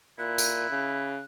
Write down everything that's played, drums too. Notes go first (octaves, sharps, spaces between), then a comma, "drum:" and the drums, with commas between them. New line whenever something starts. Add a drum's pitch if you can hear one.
A#2 E4 F#6
drum: tambourine
C#3